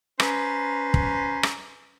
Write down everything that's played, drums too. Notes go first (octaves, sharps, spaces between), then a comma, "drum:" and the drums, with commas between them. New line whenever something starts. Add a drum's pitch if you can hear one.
C#4 B4 C5 A#5, drum: rim click
drum: kick
drum: rim click